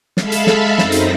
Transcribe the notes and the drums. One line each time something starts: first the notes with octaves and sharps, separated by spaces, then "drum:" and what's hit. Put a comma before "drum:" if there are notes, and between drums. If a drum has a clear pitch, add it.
G#3 A4 E5 F5 A5 B5, drum: snare
drum: hi-hat
drum: snare
F#2 C4 D#4 A#6, drum: snare
drum: hi-hat